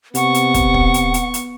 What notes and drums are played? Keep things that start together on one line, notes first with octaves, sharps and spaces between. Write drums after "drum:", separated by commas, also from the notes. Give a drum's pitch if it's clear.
C3 B3 F#5 C#6, drum: hi-hat
drum: hi-hat
drum: kick, hi-hat
drum: kick
drum: hi-hat
drum: hi-hat
drum: hi-hat